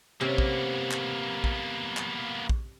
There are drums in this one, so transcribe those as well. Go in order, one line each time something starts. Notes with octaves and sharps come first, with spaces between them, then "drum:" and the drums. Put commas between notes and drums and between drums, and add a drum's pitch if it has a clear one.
C3 A#3 B3 C#4
drum: kick
drum: clap
drum: kick
drum: clap
drum: kick